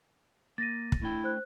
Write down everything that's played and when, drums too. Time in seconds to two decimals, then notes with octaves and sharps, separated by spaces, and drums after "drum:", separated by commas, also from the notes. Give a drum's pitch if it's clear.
0.58 A#3 A6 A#6 D#7
0.92 drum: kick
1.02 A3 D4 E4 G5
1.24 C5 F#6